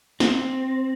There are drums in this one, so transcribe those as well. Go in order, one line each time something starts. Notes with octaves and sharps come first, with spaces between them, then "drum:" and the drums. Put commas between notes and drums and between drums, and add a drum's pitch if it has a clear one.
C4, drum: snare